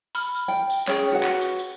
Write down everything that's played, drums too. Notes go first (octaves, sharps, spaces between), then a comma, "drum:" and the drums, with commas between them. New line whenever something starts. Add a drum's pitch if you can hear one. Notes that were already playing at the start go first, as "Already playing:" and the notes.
B5 F6, drum: tambourine
drum: tambourine
G5
drum: tambourine
C#4 G#4 C#5 G5, drum: clap
F#4 B4 F#5
drum: clap
drum: tambourine
drum: tambourine